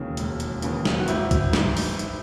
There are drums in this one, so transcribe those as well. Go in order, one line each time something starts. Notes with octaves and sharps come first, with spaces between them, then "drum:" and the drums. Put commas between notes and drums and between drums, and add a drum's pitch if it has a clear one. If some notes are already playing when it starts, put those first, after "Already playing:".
Already playing: E1 D#2 C#3 E3
E1, drum: hi-hat
drum: hi-hat
D#2 C#3 E3, drum: hi-hat
drum: snare
F#4
G#1 E4, drum: hi-hat
drum: kick, hi-hat
G#2 E3, drum: snare
drum: open hi-hat
drum: hi-hat